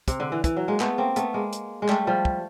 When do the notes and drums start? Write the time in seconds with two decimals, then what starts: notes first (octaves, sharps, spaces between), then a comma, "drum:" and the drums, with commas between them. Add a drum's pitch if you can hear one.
0.08 C3, drum: kick, hi-hat
0.20 D3
0.32 E3
0.44 E3, drum: kick, hi-hat
0.56 F#3
0.68 G#3 A#3
0.80 A3 B3, drum: clap
0.98 A#3 C4
1.16 A3 B3, drum: hi-hat
1.34 G#3 A#3
1.53 drum: hi-hat
1.82 G#3
1.89 G3 A3, drum: clap
2.07 F3 G3
2.25 drum: kick